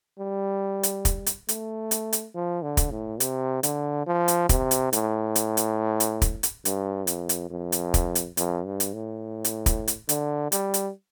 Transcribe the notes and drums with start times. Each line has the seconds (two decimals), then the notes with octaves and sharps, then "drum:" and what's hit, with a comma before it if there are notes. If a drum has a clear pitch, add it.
0.19 G3
0.83 drum: hi-hat
1.05 drum: kick, hi-hat
1.26 drum: hi-hat
1.49 A3, drum: hi-hat
1.91 drum: hi-hat
2.13 drum: hi-hat
2.35 F3
2.63 D3
2.77 drum: kick, hi-hat
2.91 A2
3.20 C3, drum: hi-hat
3.63 D3, drum: hi-hat
4.07 F3
4.28 drum: hi-hat
4.49 C3, drum: kick, hi-hat
4.71 drum: hi-hat
4.93 A2, drum: hi-hat
5.35 drum: hi-hat
5.57 drum: hi-hat
6.00 drum: hi-hat
6.22 drum: kick, hi-hat
6.43 drum: hi-hat
6.65 G2, drum: hi-hat
7.07 F2, drum: hi-hat
7.29 drum: hi-hat
7.50 F2
7.72 drum: hi-hat
7.94 drum: kick, hi-hat
8.15 drum: hi-hat
8.37 F2, drum: hi-hat
8.66 G2
8.80 drum: hi-hat
8.94 A2
9.44 drum: hi-hat
9.66 drum: kick, hi-hat
9.88 drum: hi-hat
10.09 D3, drum: hi-hat
10.52 G3, drum: hi-hat
10.74 drum: hi-hat